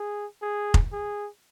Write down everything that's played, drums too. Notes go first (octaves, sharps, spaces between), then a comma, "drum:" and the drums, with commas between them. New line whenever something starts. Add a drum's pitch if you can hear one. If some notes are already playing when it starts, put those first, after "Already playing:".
Already playing: G#4
G#4
drum: kick F1
G#4